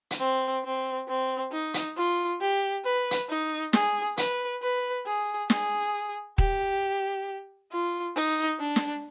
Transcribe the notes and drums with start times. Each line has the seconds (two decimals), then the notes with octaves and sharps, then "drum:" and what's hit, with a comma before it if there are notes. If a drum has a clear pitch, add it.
0.11 drum: hi-hat
0.20 C4
0.64 C4
1.08 C4
1.52 D#4
1.74 drum: hi-hat
1.96 F4
2.40 G4
2.85 B4
3.11 drum: hi-hat
3.29 D#4
3.73 G#4, drum: snare
4.17 B4, drum: hi-hat
4.62 B4
5.06 G#4
5.50 G#4, drum: snare
6.38 G4, drum: kick D#1
7.72 F4
8.16 D#4
8.59 D4
8.76 drum: snare